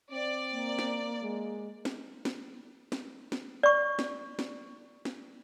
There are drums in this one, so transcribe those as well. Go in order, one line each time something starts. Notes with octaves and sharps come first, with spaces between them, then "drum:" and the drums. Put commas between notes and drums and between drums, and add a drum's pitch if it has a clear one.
C4 D5
A#3
drum: snare
G#3
drum: snare
drum: snare
drum: snare
drum: snare
D5 C#6
drum: snare
drum: snare
drum: snare